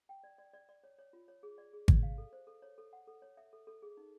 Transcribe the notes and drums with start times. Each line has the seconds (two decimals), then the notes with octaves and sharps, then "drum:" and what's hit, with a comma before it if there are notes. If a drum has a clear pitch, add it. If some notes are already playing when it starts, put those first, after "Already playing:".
0.09 G5
0.24 D5
0.38 D5
0.53 D5
0.69 D5
0.84 C#5
0.98 C#5
1.13 F4
1.28 C#5
1.43 G#4
1.58 D5
1.73 G#4
1.88 D5, drum: kick G#1
2.03 F5
2.18 A4
2.33 C5
2.47 A4
2.62 C#5
2.78 A4
2.93 F#5
3.07 A4
3.22 C#5
3.37 E5
3.53 A4
3.67 A4
3.82 G#4
3.97 D#4